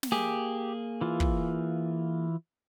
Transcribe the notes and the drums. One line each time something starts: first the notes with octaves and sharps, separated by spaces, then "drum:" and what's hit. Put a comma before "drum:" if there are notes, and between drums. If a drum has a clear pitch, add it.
drum: snare
A#3 G4 G#4
E3 F4
drum: kick